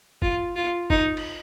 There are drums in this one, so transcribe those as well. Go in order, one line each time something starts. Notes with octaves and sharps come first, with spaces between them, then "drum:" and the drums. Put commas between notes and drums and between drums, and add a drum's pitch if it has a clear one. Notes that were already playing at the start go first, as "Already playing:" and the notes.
F4, drum: kick
F4
D#4, drum: kick
drum: cymbal